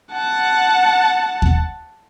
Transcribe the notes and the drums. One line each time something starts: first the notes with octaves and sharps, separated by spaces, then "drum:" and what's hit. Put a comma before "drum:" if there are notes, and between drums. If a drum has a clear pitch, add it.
F#5 A5
drum: kick D#2